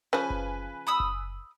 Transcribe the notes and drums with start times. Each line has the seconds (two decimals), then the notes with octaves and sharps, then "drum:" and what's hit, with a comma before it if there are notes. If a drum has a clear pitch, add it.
0.13 C#3 F3 B4 G#5
0.30 drum: kick F#1
0.87 B5 D#6 E6
1.00 drum: kick F#1